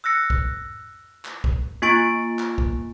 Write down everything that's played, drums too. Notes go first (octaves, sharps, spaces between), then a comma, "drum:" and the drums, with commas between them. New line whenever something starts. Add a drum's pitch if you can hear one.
E6 F#6 A#6 C#7
drum: kick
drum: clap
drum: kick
A#3 F4 G#5 C#6 A6 D7
drum: clap
drum: kick